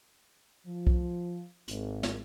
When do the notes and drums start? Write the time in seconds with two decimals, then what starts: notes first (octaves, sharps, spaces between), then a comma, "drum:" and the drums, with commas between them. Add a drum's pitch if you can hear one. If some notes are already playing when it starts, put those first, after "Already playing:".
0.65 F3
0.87 drum: kick
1.68 G#1, drum: hi-hat
2.03 drum: snare